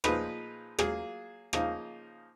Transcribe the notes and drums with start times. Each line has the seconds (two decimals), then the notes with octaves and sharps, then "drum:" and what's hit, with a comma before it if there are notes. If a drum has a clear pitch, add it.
0.04 A#2 F3 G#3 D#4 B4, drum: rim click
0.79 F#3 A#3 F4 G#4, drum: rim click
1.53 C#3 F3 A#3 D#4, drum: rim click